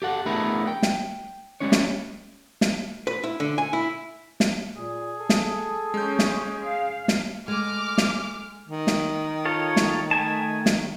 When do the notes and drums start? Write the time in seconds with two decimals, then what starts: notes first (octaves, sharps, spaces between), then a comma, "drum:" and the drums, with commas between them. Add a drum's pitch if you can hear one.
0.02 G4 A4 F#5
0.26 A3 B3 D4 E4 G#4 A#4
0.67 G5
0.83 drum: snare
1.60 G3 G#3 C#4 D4 C#5
1.72 drum: snare
2.61 drum: snare
3.07 B4
3.24 E4
3.40 D3
3.58 G#5
3.73 E4
4.40 drum: snare
4.77 A#2 G#4
5.20 A4
5.29 drum: snare
5.94 G#3 C#4 G6
6.19 drum: snare
6.63 F5
7.08 drum: snare
7.48 G#3 A3 D6 F6
7.98 drum: snare
8.68 D#3
8.87 drum: snare
9.45 F4 A4 C#5
9.76 drum: snare
10.11 A3 G#5 A5
10.66 drum: snare